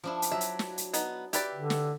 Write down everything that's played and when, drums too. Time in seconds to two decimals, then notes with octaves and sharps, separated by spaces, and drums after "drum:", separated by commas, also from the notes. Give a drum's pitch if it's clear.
0.04 F3 D4 E4
0.22 drum: hi-hat
0.32 F#3 E5
0.41 drum: hi-hat
0.59 drum: snare
0.78 drum: hi-hat
0.93 B3 D#4, drum: hi-hat
1.33 G4 B4 D5 E5, drum: hi-hat
1.55 D3
1.70 drum: snare